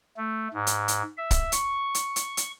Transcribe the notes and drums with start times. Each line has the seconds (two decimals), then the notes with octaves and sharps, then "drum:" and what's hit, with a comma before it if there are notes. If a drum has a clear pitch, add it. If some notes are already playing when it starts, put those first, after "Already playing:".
0.17 A3
0.53 G#2
0.67 drum: hi-hat
0.88 drum: hi-hat
1.17 E5
1.31 drum: kick, hi-hat
1.52 C#6, drum: hi-hat
1.95 drum: hi-hat
2.16 drum: hi-hat
2.37 drum: hi-hat